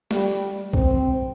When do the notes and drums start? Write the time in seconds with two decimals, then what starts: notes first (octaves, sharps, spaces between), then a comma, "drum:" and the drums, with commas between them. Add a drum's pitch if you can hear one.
0.11 G3, drum: snare
0.73 C4, drum: kick B1